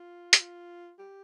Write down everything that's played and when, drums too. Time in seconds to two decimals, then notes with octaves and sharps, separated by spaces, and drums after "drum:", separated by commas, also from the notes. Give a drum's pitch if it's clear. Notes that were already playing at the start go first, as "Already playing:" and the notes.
Already playing: F4
0.33 G4, drum: hi-hat
0.40 F4
0.99 G4